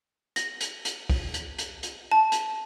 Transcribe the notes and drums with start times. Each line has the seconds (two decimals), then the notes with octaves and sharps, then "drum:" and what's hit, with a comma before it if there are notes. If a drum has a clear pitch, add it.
0.36 A#6, drum: hi-hat
0.61 drum: hi-hat
0.85 drum: hi-hat
1.10 drum: kick, open hi-hat
1.34 drum: hi-hat
1.58 drum: hi-hat
1.83 drum: hi-hat
2.12 A5
2.32 drum: hi-hat